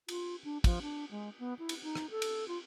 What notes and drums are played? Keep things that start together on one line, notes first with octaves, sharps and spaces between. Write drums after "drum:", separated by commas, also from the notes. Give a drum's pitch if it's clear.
F4, drum: cymbal
D4
F3, drum: kick, cymbal
D4
G#3
B3
E4
drum: cymbal
D#4
drum: rim click
A4
drum: cymbal
F4